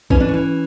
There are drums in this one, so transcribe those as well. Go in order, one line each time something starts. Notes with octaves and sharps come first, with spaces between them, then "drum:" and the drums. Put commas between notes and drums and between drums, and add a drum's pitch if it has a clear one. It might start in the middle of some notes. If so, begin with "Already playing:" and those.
E3 C#4, drum: kick A#1
D4
E3 C#4